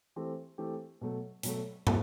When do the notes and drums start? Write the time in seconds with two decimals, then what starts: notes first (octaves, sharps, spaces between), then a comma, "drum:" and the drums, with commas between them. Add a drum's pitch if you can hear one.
0.16 E3 A3 C4 G4
0.58 E3 A3 C4 G4
1.01 B2 F#3 A3
1.43 B2 F#3 A3, drum: hi-hat
1.87 F#3 C4 E4, drum: tom